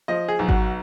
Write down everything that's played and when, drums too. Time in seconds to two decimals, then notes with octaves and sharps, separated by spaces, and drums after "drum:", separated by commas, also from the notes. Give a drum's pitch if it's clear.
0.08 F3 D#5
0.28 G#4
0.39 B1
0.48 F#4, drum: kick G#1